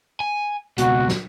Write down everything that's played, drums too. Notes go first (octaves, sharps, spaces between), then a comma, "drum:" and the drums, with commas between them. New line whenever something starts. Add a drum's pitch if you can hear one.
G#5
C#2 B2 F#4, drum: hi-hat
drum: snare